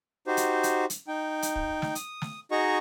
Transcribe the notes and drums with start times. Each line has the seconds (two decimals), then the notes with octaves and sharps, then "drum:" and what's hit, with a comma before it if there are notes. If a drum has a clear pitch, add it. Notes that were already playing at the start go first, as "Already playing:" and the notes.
0.27 D#4 F#4 G4 C5
0.37 drum: hi-hat
0.63 drum: hi-hat
0.90 drum: hi-hat
1.08 D#4 G5
1.42 drum: hi-hat
1.56 drum: kick
1.82 drum: snare
1.95 D#6, drum: hi-hat
2.22 drum: snare
2.51 D#4 F#4 G#4 D#5 A#5 C#6